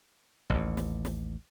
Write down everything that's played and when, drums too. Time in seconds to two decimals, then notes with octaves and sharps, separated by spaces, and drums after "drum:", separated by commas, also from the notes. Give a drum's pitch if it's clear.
0.50 A1 D#2, drum: kick B1
0.77 drum: snare
1.05 drum: snare